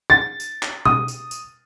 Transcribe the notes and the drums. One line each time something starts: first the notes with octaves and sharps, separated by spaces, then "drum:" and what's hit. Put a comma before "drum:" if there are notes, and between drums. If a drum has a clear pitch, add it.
A6
drum: tambourine
drum: clap
D#6, drum: tom B2
drum: tambourine
drum: tambourine